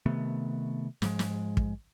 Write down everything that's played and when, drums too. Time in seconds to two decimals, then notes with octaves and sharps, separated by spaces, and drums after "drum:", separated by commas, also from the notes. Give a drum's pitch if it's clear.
0.06 C3 D#3 A3 B3
1.02 G#2 F3 G#3, drum: snare
1.19 drum: snare
1.57 drum: kick